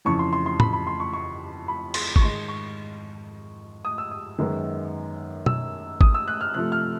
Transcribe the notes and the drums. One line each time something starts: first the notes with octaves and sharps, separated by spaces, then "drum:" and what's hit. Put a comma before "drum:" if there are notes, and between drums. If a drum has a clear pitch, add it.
F2 C#3 E3 C#6
C6
C6
C6
B5, drum: tom
B5
C6
C#6
C#6
B5
C6, drum: cymbal
C#6, drum: kick G#1
G#2 D#3 G#3 C6
C#6
D#6
E6
D#6
F#2 D#3 G#3 B3
E6, drum: tom B2
D#6, drum: kick G#1
E6
F#6
F6
C3 F3 A3 F#6
F6